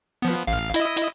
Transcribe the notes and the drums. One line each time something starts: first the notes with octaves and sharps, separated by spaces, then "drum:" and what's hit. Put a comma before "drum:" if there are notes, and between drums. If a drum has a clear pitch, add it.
F3 B3
A1 F5
E4 D#5, drum: hi-hat
drum: hi-hat